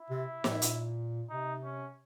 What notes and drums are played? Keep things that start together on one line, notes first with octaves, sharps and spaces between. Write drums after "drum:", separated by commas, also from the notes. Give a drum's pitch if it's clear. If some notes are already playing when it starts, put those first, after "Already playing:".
Already playing: E4
C3
A2, drum: snare
A#2, drum: hi-hat
C3 D#4
C#4